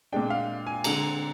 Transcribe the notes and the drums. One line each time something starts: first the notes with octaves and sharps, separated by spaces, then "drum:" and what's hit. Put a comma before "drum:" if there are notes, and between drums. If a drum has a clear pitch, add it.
A#2 G#3 D4 G5
F5
G#5
D3 G#3 C4 A#5, drum: cymbal